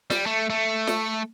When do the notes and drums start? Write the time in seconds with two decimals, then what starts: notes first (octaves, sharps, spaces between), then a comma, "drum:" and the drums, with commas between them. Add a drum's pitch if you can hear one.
0.10 G3, drum: snare
0.26 A3
0.50 A3
0.87 drum: snare